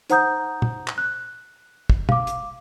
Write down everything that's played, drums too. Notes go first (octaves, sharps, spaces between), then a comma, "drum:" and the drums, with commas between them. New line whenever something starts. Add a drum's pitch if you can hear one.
D#4 C5 F#5 A#5 D#6 G6, drum: hi-hat
drum: tom
drum: clap
F#6
drum: kick
F5 D6, drum: tom
drum: hi-hat